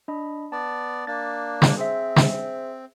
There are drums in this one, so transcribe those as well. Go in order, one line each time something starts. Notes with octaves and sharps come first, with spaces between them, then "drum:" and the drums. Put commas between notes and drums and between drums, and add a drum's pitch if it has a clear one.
D4 D#5 B5
B3 D5 A5
A#3 D4 A6
drum: snare
C4 G#4 C5 E5
drum: snare